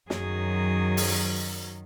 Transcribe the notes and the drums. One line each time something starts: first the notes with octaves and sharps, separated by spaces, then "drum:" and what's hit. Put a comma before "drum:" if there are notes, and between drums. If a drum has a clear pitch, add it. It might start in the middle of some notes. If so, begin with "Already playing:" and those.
F#2 D#3 F#3 G#4, drum: snare
drum: open hi-hat